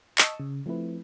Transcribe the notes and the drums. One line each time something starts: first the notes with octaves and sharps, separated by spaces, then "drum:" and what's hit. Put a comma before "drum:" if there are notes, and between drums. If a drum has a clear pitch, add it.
D#5 A5 C#6 D#6 E6, drum: clap
C#3
F3 A3 C4 E4 B4